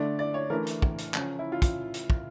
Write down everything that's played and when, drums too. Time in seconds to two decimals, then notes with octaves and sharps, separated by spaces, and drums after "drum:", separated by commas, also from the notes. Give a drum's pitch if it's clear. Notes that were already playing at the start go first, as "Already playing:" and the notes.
Already playing: D3 A3 D4 D5
0.19 D5
0.34 C#5
0.50 E3 A3 D4 A#4
0.66 drum: hi-hat
0.82 drum: kick
0.98 drum: hi-hat
1.14 C#3 F3 C#4, drum: clap
1.39 E4
1.52 F4
1.62 drum: kick, hi-hat
1.94 drum: hi-hat
2.10 drum: kick